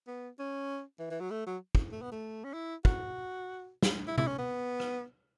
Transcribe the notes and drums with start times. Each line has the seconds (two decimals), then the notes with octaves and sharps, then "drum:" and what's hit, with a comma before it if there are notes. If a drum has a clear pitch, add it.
0.07 B3
0.39 C#4
0.99 E3
1.10 E3
1.20 F#3
1.31 A3
1.47 F#3
1.75 drum: kick
1.92 A3
2.02 B3
2.12 A3
2.44 C#4
2.54 E4
2.85 F#4, drum: kick
3.83 drum: snare
4.07 E4
4.18 E4, drum: tom C3
4.27 C#4
4.38 B3
4.80 drum: rim click